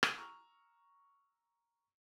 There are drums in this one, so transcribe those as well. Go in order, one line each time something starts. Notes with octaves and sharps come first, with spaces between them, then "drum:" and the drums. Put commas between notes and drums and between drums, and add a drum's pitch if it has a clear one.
drum: rim click
A#5 C#6 E6 F6